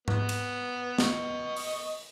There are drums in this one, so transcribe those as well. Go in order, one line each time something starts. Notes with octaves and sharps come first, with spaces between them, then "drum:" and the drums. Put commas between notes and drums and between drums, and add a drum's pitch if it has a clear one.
B3, drum: tom G#2
drum: cymbal
D#5 C#6, drum: snare
drum: open hi-hat